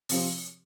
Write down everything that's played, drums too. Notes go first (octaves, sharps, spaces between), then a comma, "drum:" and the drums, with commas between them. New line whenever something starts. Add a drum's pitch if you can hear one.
C3 F3 C4 G4, drum: open hi-hat